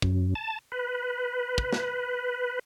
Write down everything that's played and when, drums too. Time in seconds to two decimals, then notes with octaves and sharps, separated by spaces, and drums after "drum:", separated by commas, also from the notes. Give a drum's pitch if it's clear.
0.02 F#2, drum: kick
0.35 A5
0.72 B4
1.58 drum: kick
1.73 drum: snare